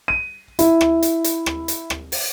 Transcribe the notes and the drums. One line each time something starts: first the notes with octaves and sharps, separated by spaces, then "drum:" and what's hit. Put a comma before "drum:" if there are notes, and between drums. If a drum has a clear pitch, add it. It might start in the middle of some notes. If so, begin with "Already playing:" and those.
D#7
E4, drum: hi-hat
drum: rim click
drum: hi-hat
drum: hi-hat
drum: rim click
drum: hi-hat
drum: rim click
drum: open hi-hat